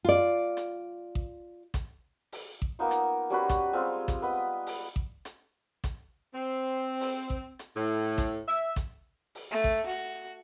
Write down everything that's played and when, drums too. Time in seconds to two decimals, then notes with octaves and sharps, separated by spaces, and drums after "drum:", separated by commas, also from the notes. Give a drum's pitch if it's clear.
0.04 F4 D5
0.57 drum: hi-hat
1.15 drum: kick A1
1.74 drum: kick A1, hi-hat
2.32 drum: open hi-hat
2.62 drum: kick A1
2.79 A#3 B3 D#4 F4
2.91 drum: hi-hat
3.30 G3 C#4 F#4 B4
3.49 drum: kick A1, hi-hat
3.73 G3 G#3 C4 F4
4.08 drum: kick A1, hi-hat
4.22 B3 B4 D#5
4.67 drum: open hi-hat
4.96 drum: kick A1
5.25 drum: hi-hat
5.84 drum: kick A1, hi-hat
6.33 C4
7.01 drum: open hi-hat
7.30 drum: kick A1
7.59 drum: hi-hat
7.76 A2
8.18 drum: kick A1, hi-hat
8.47 E5
8.76 drum: kick A1, hi-hat
9.35 drum: open hi-hat
9.51 A3
9.64 drum: kick A1
9.87 F#4